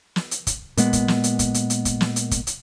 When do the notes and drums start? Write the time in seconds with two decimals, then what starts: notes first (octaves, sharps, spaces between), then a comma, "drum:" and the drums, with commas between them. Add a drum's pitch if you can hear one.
0.16 drum: snare
0.31 drum: hi-hat
0.47 drum: kick, hi-hat
0.77 A#2 G#3 B3, drum: hi-hat
0.93 drum: kick, hi-hat
1.08 drum: snare
1.24 drum: hi-hat
1.39 drum: kick, hi-hat
1.54 drum: hi-hat
1.70 drum: hi-hat
1.85 drum: kick, hi-hat
2.01 drum: snare
2.16 drum: hi-hat
2.31 drum: kick, hi-hat
2.47 drum: hi-hat